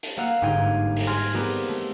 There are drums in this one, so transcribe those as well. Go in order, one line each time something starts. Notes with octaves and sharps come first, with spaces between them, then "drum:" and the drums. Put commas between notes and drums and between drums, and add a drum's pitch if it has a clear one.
drum: hi-hat
A#3 F5 F#5 E6 D#7 E7
G1 G#2 F5 G5 G#6 D#7
drum: open hi-hat
G#5 C6 F6 G#6 A#6
B3 C4 G4 G#4 A#4 D5
A3